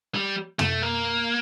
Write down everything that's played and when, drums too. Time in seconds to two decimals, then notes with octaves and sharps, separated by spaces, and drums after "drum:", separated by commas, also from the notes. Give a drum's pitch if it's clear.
0.14 G3
0.59 A3, drum: tom
0.82 A#3